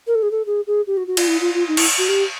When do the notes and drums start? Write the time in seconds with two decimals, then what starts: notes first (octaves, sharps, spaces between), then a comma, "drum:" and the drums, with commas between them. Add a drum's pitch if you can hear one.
0.07 A#4
0.15 A4
0.22 G#4
0.31 A4
0.46 G#4
0.67 G#4
0.87 G4
0.97 F#4
1.07 F#4
1.17 F4, drum: cymbal
1.27 E4
1.40 F4
1.54 F4
1.68 D#4
1.77 E4, drum: cymbal
1.98 F#4
2.08 G4